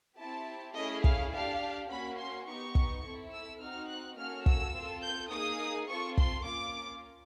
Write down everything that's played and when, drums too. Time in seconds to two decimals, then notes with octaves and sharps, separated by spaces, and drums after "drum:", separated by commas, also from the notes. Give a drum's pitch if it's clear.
0.19 C4 E4 G4 A5
0.76 A3 C#4 E4 G#4 D#5
1.04 F5, drum: kick
1.32 D4 G4 F5
1.90 A#3 C#4 F#4 B5
2.18 C6
2.46 B3 D#4 G4 C#6
2.75 drum: kick
3.04 C4 E4 A4
3.32 E6
3.61 C4 D#4 F#4 F6
3.89 F#6
4.18 A#3 C#4 F#4 A4 F6
4.46 E6, drum: kick
4.75 C4 F4 A4
5.03 G6
5.32 A#3 D#4 G#4 D#6
5.89 C4 F4 A4 C#6
6.17 C6, drum: kick
6.45 A#3 C#4 F4 D6